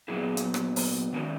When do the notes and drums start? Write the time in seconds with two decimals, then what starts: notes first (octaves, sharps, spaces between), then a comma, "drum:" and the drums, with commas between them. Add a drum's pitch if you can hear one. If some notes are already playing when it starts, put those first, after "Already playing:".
0.08 A#2 F#3 B3 E4 G#4
0.37 drum: hi-hat
0.54 drum: rim click
0.76 drum: open hi-hat
1.13 D#3 G#3 C#4 F#4 A#4